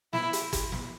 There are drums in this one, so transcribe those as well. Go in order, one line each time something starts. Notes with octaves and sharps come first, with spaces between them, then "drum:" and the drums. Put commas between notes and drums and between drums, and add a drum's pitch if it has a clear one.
E4, drum: snare
drum: hi-hat
drum: kick, hi-hat
drum: snare